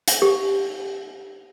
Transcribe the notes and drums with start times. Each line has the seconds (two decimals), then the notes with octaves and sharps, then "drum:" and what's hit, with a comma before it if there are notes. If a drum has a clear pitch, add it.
0.08 drum: hi-hat
0.22 G4